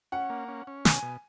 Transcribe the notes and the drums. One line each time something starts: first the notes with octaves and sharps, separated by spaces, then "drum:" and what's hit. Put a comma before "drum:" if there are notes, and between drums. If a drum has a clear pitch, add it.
C#4 F#5
A#3
C#4
C#4
B2 G#5, drum: snare
B2